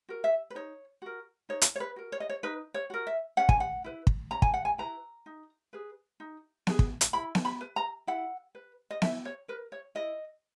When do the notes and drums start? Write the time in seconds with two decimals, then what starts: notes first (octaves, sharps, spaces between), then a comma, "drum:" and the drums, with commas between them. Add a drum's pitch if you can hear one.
0.09 F#4 A#4
0.24 E5
0.50 B4
0.55 D#4 C#5
1.02 F#4 A#4
1.49 D#4 C#5
1.62 drum: hi-hat
1.76 C#5
1.80 B4
1.96 F#4 A#4
2.12 C#5
2.20 D#5
2.30 C#5
2.43 D#4 B4
2.74 C#5
2.90 F#4 A#4
3.07 E5
3.37 C#4 F#5
3.49 G#5, drum: kick
3.60 F#5
3.84 E4 B4
4.07 drum: kick
4.31 C#4 A#5
4.42 G#5, drum: kick
4.54 F#5
4.65 G#5
4.78 E4 B4 A#5
5.26 D#4
5.73 G#4 B4
6.20 D#4
6.67 G#4 B4, drum: snare B3
6.79 drum: kick
7.01 drum: hi-hat
7.13 E4 B5
7.35 drum: snare B3
7.45 B5
7.61 B4
7.76 A#5
8.07 E4 F#5
8.55 B4
8.91 D#5
9.02 E4 E5, drum: snare B3
9.25 C#5
9.48 A#4 B4
9.72 C#5
9.95 E4 D#5